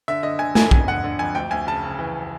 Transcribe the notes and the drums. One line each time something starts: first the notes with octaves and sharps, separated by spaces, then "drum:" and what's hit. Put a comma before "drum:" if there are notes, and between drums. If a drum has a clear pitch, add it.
D3 E5
D3 D#5
D3 G#5
F2 G#5, drum: snare A3
F2 G#5, drum: kick
D3 F#5
D3
F2 G#5
D2 G5
D2 G#5
C#3 A5
C#3
E3